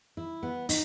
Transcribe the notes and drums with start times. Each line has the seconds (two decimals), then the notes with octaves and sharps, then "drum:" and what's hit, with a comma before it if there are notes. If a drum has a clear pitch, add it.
0.17 E4
0.43 B3
0.69 D#4, drum: open hi-hat